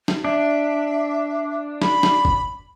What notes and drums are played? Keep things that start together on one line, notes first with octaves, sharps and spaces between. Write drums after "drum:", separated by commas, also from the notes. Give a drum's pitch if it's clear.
drum: snare
D4 E5
B5, drum: snare
drum: snare
drum: kick